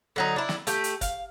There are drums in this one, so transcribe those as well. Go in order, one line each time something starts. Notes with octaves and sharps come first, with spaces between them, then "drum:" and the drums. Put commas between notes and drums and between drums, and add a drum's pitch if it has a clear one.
D3 F#3 D#4
D4 E4
drum: snare
A3 G4 G5, drum: hi-hat
drum: hi-hat
F5, drum: kick, hi-hat